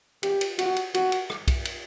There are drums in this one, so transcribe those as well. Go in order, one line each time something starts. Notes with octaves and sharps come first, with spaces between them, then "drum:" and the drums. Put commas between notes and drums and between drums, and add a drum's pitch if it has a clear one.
G4, drum: cymbal
drum: cymbal
F#4, drum: cymbal
drum: cymbal
F#4, drum: cymbal
drum: cymbal
drum: rim click
drum: kick B1, cymbal
drum: cymbal